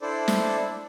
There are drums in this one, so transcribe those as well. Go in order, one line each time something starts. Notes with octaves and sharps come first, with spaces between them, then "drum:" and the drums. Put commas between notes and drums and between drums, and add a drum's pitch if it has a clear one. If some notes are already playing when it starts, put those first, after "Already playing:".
D4 E4 A4 C5 D5
drum: snare